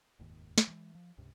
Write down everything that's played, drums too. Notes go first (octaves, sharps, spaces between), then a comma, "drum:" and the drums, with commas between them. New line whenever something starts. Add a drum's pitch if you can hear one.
F1 D#2 G#2 D#3
drum: snare
E3 G3 G#3
F3
C#2 G2 C3